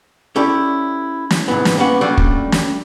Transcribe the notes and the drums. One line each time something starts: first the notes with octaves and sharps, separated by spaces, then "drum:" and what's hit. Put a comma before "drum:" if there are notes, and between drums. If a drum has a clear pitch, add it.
C#4 E4 G4 A4 D5
drum: snare
C2 G#2 D#3 E3 B3
drum: snare
G3 A#3 B3 C#4 F#5
F#3 G3 A3 A#3 C#4 D4
drum: kick
drum: snare